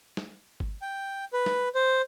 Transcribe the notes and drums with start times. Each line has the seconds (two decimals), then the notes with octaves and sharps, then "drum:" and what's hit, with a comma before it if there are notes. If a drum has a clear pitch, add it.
0.17 drum: snare
0.60 drum: kick G1
0.82 G5
1.33 B4
1.46 drum: snare
1.75 C5